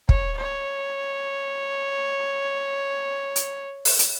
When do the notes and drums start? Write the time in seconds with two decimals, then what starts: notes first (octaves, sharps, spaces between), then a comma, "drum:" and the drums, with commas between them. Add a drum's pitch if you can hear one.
0.09 C#5, drum: kick
0.38 C#5
3.36 drum: hi-hat
3.85 drum: open hi-hat
3.99 drum: hi-hat